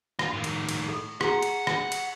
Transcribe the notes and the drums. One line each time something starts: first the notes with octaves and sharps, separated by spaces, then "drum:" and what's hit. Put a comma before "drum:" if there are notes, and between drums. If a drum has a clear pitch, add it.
F4, drum: rim click
A2 D#3
drum: cymbal
drum: cymbal
A4
G#4 F#5 A#5, drum: rim click
drum: cymbal
drum: rim click
drum: cymbal